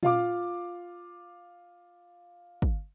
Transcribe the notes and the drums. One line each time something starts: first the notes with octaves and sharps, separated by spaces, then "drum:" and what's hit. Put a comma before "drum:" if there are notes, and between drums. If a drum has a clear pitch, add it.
F4 F5 D6, drum: tom A#2
drum: kick